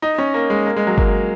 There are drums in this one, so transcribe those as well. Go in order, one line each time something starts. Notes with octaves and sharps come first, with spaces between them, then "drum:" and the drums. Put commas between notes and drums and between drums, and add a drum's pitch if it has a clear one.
D#4
C#4
A#3
G#3
A#3
G#3
F#3
A#3, drum: kick G1